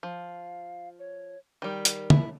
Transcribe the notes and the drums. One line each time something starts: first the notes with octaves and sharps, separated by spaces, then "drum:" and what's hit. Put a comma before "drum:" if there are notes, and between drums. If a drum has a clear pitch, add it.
F3 F5
C#5
D#3 G3 A#4
drum: hi-hat
E4, drum: tom